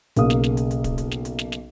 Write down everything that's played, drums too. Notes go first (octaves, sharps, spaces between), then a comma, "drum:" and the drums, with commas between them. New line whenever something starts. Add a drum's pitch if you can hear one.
B1 C#3 A#3 F5 D#6, drum: hi-hat
drum: snare
drum: snare
drum: hi-hat
drum: hi-hat
drum: kick, hi-hat
drum: hi-hat
drum: snare
drum: hi-hat
drum: snare
drum: snare